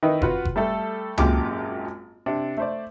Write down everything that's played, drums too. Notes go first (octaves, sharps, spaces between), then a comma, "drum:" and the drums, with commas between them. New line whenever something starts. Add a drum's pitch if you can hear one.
D#3 D#4 E4 B4
F4 F#4 B4 F#5, drum: kick F#1
drum: kick F#1
G3 A3 A4
G#1 F#2 A#2 F4 G4 D6, drum: tom C#2
C3 D4
A3 C5 D5